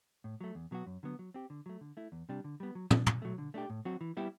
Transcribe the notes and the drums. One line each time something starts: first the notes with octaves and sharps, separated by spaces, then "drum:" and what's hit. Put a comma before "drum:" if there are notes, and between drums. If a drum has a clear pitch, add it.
A2
F#3 A3
E2
B2 F#3 B3 F#4
F#2
D3 F#3 B3
F#3
C4 G4
D3
F#3 A3
D3
A3 E4
E2
C3 G3 D4
D3
G3 B3
F#3
B3 D4, drum: tom
F#2, drum: tom
F#3 A3
D3
A3 D4 G4
A2
F#3 C4 F#4
E3
G3 B3 E4 G4